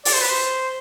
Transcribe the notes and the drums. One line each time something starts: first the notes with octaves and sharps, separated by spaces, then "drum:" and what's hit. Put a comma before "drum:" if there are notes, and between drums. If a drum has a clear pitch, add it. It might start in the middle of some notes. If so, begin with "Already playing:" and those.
D5, drum: open hi-hat
C5
B4
C5